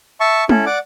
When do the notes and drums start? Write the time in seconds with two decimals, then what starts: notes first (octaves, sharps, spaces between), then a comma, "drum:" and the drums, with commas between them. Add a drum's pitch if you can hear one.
0.20 E5 A5 C#6
0.49 C#4 E4 A4, drum: tom G#3
0.66 D5 F#5 D6